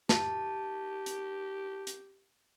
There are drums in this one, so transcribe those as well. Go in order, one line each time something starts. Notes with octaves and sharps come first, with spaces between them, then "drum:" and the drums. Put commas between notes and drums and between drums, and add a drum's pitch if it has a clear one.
G4 A5, drum: snare
drum: hi-hat
drum: hi-hat